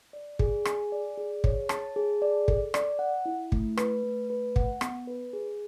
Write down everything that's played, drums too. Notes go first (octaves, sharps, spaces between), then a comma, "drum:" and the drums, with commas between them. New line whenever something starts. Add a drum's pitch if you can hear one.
D5
G#4, drum: kick
G#5, drum: rim click
D5
G#4
C#5, drum: kick
A5, drum: rim click
G#4
D5
A4, drum: kick
D5, drum: rim click
F#5
E4
A3, drum: kick
B4, drum: rim click
A3
B4
F#5, drum: kick
B3, drum: rim click
B4
G#4